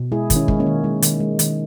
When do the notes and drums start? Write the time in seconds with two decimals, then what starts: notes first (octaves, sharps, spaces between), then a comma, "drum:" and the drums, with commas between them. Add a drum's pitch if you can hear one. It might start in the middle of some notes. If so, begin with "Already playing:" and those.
Already playing: B2
0.12 G#3 E4 G#4
0.30 D#3, drum: kick, hi-hat
0.36 C#4 E4
0.48 G#3, drum: kick
0.60 A#3 C#4
0.66 D#3
0.84 G#3
1.02 D#3, drum: hi-hat
1.20 G#3
1.39 D#3, drum: hi-hat